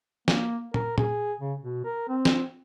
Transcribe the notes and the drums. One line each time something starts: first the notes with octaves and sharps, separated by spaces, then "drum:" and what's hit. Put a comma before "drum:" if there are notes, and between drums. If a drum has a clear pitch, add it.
A#3, drum: snare
A#4, drum: tom
G#4, drum: tom
C#3
B2
A#4
C4
drum: snare